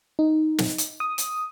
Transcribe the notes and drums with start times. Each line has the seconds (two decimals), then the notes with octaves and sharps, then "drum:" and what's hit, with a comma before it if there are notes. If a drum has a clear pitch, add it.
0.19 D#4
0.58 drum: snare
0.78 drum: hi-hat
1.00 D#6
1.18 drum: hi-hat